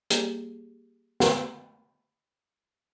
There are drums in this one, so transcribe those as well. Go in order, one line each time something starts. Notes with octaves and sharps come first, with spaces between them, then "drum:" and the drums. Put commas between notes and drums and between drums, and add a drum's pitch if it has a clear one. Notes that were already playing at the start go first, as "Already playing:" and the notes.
G3 A#3 G4 G#4, drum: hi-hat
drum: snare